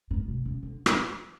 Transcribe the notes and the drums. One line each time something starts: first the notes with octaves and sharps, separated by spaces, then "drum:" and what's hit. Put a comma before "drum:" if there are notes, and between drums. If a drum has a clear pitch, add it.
A2
B2
C#3
D3
drum: rim click